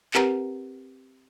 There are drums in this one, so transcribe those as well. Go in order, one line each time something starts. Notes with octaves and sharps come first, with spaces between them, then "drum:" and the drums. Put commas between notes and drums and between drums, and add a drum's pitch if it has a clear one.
C4 G4 A#4 B4 F#5 A#5, drum: clap